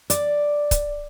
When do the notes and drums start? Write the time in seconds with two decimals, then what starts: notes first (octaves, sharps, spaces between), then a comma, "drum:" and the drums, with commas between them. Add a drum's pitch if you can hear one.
0.10 D5, drum: hi-hat
0.71 drum: kick, hi-hat